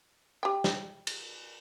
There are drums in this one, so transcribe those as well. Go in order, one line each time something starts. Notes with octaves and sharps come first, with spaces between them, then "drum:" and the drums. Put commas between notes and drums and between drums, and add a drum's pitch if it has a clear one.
G4 G5
drum: snare
drum: cymbal